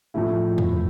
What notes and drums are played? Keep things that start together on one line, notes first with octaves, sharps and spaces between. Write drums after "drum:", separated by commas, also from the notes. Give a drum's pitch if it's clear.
A2 F3 A3 E4
drum: tom E2